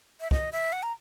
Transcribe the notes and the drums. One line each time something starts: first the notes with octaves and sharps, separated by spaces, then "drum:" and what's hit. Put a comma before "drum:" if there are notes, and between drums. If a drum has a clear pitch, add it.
E5
D#5, drum: kick
E5
F#5
A#5